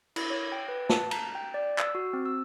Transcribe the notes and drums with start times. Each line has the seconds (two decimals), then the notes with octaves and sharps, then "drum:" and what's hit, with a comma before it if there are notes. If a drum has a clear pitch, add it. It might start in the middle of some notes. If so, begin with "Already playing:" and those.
0.16 E4, drum: cymbal
0.30 C#5
0.52 G5
0.69 B4
0.89 A5, drum: snare
1.11 A#5, drum: cymbal
1.35 G5
1.54 D5
1.78 E6, drum: clap
1.95 F#4
2.13 C4
2.26 E6